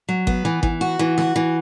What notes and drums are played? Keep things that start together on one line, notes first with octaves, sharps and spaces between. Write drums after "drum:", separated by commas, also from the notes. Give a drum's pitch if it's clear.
F#3
B3, drum: kick G#1
E3
E3, drum: kick G#1
F#4
E3
F#4, drum: snare
E3